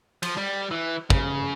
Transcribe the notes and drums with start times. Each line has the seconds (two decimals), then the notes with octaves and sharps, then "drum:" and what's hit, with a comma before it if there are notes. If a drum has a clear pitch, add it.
0.23 F3, drum: cymbal
0.37 G3
0.71 E3
1.10 C#3, drum: kick